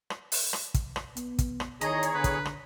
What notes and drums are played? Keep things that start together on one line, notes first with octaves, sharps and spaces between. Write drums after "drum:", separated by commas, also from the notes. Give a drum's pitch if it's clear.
drum: rim click
drum: open hi-hat
drum: rim click
drum: kick, hi-hat
drum: rim click
B3, drum: hi-hat
drum: kick, hi-hat
drum: rim click
E2 D#3 G#4 C#5 D#5 A#5, drum: hi-hat
drum: hi-hat
D3 B4
drum: kick, hi-hat
drum: rim click